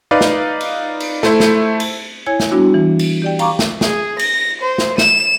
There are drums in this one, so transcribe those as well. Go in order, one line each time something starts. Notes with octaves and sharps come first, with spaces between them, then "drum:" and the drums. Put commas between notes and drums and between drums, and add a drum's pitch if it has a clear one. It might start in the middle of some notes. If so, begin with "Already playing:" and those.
D#4 B4 D5 F5
drum: snare
drum: cymbal
drum: cymbal
A3 E4 C5, drum: snare
drum: snare
drum: cymbal
E4 C#5 G#5 G#6
drum: snare
G3 B3 D4 E4 F#4
E3
drum: cymbal
G4 D5 G5
F5 A#5 C#6 D6, drum: cymbal
drum: snare
G#4, drum: snare
A#6, drum: cymbal
C5
drum: snare
E7, drum: snare